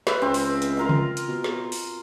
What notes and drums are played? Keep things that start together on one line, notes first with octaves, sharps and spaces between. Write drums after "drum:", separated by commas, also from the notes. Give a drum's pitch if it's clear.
B4 E5 F5, drum: snare
C#2 C4
drum: open hi-hat
drum: hi-hat
F4 A#4 F5
drum: tom C#3
drum: hi-hat
B2
drum: snare
drum: open hi-hat